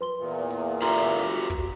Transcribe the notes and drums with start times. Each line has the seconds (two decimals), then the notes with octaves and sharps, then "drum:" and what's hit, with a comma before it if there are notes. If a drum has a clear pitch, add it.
0.01 B4 C6 G7
0.18 E2 A#2
0.51 drum: hi-hat
0.82 F4 G4 A4 E5 A#5 C6
1.00 drum: hi-hat
1.25 F#4, drum: hi-hat
1.50 drum: kick, hi-hat